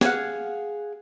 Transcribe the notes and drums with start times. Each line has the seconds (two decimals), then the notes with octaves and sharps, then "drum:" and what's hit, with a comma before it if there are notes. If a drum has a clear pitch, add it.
0.01 G#4 F5 F#5, drum: snare